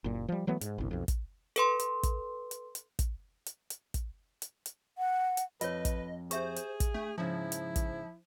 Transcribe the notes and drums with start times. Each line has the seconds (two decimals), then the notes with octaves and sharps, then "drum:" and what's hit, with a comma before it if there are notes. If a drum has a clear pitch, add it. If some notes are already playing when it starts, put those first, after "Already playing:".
0.04 F#1 A#2
0.29 F3 G3
0.47 E3 F#3 A3 B3
0.61 G#2, drum: hi-hat
0.78 G1 C2
0.91 B1 F2
1.08 drum: kick, hi-hat
1.56 A4 B4 C6, drum: hi-hat
1.80 drum: hi-hat
2.03 drum: kick, hi-hat
2.51 drum: hi-hat
2.75 drum: hi-hat
2.99 drum: kick, hi-hat
3.46 drum: hi-hat
3.70 drum: hi-hat
3.94 drum: kick, hi-hat
4.42 drum: hi-hat
4.66 drum: hi-hat
4.98 F#5
5.37 drum: hi-hat
5.61 F2 F4 B4 C#5 D#5, drum: hi-hat
5.85 drum: kick, hi-hat
6.31 G4 G#4 C5 E5 C#6, drum: hi-hat
6.56 drum: hi-hat
6.80 drum: kick, hi-hat
6.94 A3 D4
7.18 G#2 C#3 F3 E4
7.52 drum: hi-hat
7.76 drum: kick, hi-hat